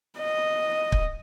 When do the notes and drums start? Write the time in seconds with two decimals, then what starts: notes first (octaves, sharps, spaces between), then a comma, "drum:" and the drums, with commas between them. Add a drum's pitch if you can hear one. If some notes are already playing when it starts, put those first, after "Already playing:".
0.20 D#5
0.92 drum: kick